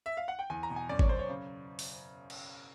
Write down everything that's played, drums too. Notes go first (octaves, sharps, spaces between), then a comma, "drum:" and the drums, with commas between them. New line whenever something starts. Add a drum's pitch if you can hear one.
E5
F5
F#5
G5
E2 G#5
A#5
B2
G#5
F#2 D5
C#5, drum: kick G#1
F#2 C5
C#5
C#3
drum: open hi-hat
drum: cymbal